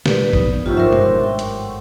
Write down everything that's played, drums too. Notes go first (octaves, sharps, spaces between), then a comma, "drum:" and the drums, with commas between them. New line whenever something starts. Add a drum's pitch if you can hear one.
B2 G#3 A#3 G4 B4 D5, drum: snare
G2 F3 B3 D#4, drum: kick G#1
C3 F#3 A3 F4 G4
G#1 F3 B3 D4 A#4 C5 E5
G#1 G2 G#3, drum: tom
G5
drum: hi-hat